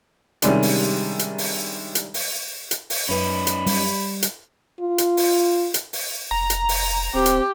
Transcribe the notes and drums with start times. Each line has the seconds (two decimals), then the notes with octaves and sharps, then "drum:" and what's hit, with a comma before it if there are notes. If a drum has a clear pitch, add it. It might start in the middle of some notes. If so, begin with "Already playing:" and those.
0.42 C3 D#3 G3 G#3 C#4 D4, drum: hi-hat
0.63 drum: open hi-hat
1.19 drum: hi-hat
1.38 drum: open hi-hat
1.95 drum: hi-hat
2.14 drum: open hi-hat
2.71 drum: hi-hat
2.90 drum: open hi-hat
3.09 F#2 C#4 D#4 B4 G#5 B5
3.47 drum: hi-hat
3.67 G3, drum: open hi-hat
4.22 drum: hi-hat
4.81 F4
4.98 drum: hi-hat
5.17 drum: open hi-hat
5.74 drum: hi-hat
5.93 drum: open hi-hat
6.31 F1 A#5
6.50 drum: hi-hat
6.69 drum: open hi-hat
7.14 D1 C4 G4
7.26 drum: hi-hat